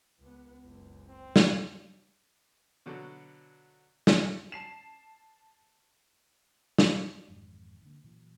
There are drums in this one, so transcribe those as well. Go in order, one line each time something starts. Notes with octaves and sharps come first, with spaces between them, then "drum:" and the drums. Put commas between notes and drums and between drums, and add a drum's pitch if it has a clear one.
C#2 B3
F#1 C#2
C4
drum: snare
B2 D3 F#3
drum: snare
A5 C7 E7
drum: snare
G#1 F2 G#2 E3
D3 A#3
A#2 E3 F#3